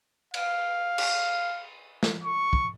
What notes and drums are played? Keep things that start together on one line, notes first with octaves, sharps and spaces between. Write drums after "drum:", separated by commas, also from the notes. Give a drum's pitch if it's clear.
F5, drum: cymbal
drum: cymbal
drum: snare
C#6
drum: kick